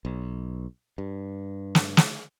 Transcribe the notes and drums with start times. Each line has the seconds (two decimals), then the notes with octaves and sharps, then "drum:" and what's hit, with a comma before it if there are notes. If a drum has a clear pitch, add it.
0.05 B1
0.98 G2
1.75 drum: snare
1.97 drum: snare